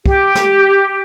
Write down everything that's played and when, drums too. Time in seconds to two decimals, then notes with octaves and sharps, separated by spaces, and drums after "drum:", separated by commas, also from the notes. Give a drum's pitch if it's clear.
0.06 G4, drum: kick
0.35 drum: snare